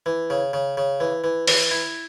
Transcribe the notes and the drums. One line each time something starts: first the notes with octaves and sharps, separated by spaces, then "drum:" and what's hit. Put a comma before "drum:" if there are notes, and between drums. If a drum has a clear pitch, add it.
E3
C#3
C#3
C#3
E3
E3
E3, drum: open hi-hat
E4